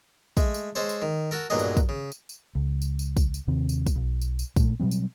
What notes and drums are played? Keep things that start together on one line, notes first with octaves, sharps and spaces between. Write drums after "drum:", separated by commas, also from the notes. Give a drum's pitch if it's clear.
G#3 A3, drum: kick, tambourine
drum: tambourine
G#3 A4 C5 C#5
drum: tambourine
D#3
F#4 A4 A#4
B1 G2 A#2 F#3 G#4 D#5
drum: tambourine
drum: kick, tambourine
C#3
drum: tambourine
drum: tambourine
C#2
drum: tambourine
drum: tambourine
drum: kick, tambourine
drum: tambourine
D#2 C3 D#3 C4
drum: tambourine
drum: kick, tambourine
B1
drum: tambourine
drum: tambourine
A#2 A3, drum: kick, tambourine
B2 F#3 G3 C4
drum: tambourine